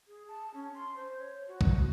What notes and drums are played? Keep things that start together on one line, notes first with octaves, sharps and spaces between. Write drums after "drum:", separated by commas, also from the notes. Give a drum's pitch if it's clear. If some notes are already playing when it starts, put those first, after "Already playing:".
G#4
A5
C#4
C6
C5
C#5
F#4
drum: kick